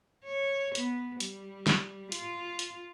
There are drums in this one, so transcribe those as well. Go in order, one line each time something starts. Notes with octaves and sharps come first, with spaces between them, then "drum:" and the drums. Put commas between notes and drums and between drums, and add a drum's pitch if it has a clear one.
C#5
B3, drum: hi-hat
G3, drum: hi-hat
drum: snare
F4, drum: hi-hat
drum: hi-hat